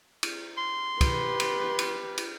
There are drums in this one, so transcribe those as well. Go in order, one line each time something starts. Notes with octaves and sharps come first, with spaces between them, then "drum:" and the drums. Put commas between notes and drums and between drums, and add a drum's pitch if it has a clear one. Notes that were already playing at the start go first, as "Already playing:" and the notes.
drum: cymbal
C6
G4 B4, drum: kick, cymbal
drum: cymbal
drum: cymbal
drum: cymbal